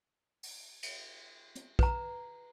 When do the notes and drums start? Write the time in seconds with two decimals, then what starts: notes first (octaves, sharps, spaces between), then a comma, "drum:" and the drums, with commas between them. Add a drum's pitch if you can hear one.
0.43 drum: open hi-hat
0.83 drum: cymbal
1.56 drum: hi-hat
1.79 B4 A#5, drum: kick